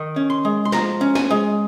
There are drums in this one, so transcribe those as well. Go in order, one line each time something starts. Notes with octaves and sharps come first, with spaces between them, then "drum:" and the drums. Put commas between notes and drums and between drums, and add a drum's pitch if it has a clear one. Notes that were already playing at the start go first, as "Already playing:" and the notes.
Already playing: D#3
C#4
C6
G#3
C6
F3 A#5, drum: snare
C#4
G#5, drum: snare
G#3